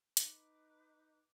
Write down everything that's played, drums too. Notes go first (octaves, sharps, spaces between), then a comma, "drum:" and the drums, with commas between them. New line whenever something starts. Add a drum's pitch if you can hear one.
D#4 B4 D6, drum: hi-hat